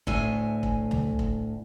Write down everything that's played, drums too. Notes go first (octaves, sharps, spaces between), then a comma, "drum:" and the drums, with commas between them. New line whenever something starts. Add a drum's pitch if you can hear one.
D2 A2 G#5, drum: kick
drum: kick
drum: tom C#2
drum: kick